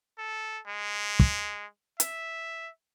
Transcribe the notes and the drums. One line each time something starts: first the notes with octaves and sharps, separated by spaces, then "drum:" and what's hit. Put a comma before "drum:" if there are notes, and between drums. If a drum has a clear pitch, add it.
A4
G#3
drum: kick
E5, drum: hi-hat